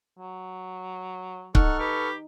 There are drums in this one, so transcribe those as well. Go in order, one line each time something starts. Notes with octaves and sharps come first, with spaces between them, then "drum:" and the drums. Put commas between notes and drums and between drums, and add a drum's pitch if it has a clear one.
F#3
D#4 A4 F#5 C#6 F6, drum: kick C#1
G4 B4